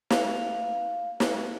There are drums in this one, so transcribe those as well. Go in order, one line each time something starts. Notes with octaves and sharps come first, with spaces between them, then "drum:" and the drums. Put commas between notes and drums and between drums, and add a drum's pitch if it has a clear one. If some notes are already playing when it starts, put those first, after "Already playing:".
F5, drum: snare
drum: snare